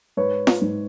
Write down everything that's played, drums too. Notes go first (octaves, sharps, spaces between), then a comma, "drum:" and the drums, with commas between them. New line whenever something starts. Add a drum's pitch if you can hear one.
G#2 B4 C#5
drum: snare
G#2